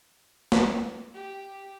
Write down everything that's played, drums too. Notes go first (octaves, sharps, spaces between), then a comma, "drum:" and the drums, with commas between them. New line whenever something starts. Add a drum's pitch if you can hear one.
drum: snare
G4